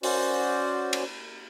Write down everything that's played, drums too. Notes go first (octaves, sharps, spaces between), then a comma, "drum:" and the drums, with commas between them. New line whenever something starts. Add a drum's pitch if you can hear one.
C#4 F#4 C5 D5, drum: open hi-hat
drum: cymbal